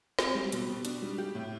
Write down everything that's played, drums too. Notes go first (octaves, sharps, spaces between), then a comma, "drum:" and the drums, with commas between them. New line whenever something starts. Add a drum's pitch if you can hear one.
C4, drum: snare
G3
B2, drum: hi-hat
B2
D4, drum: hi-hat
G3
G4
A2